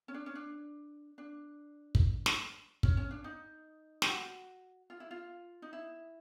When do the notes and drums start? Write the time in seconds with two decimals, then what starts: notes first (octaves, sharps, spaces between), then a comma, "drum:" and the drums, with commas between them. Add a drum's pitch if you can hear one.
0.08 C#4
0.14 D4
0.26 C#4
0.35 D4
1.18 D4
1.95 drum: kick
2.26 drum: snare
2.83 C#4, drum: kick
2.97 C#4
3.11 D4
3.24 D#4
4.02 G4, drum: snare
4.07 F#4
4.90 F4
5.00 E4
5.11 F4
5.62 D#4
5.73 E4